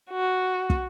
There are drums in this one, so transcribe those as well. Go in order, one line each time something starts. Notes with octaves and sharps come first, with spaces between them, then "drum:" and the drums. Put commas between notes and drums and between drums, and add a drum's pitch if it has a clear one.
F#4
drum: kick